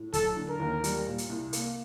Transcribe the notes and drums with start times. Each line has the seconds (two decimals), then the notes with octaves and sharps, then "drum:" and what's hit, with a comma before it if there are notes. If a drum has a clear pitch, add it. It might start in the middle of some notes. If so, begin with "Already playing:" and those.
Already playing: A2
0.13 F#3 A4, drum: kick, hi-hat
0.37 D3
0.49 A#4
0.60 D#2
0.84 G3, drum: hi-hat
1.07 A#2
1.18 drum: hi-hat
1.30 C2
1.53 A#3, drum: hi-hat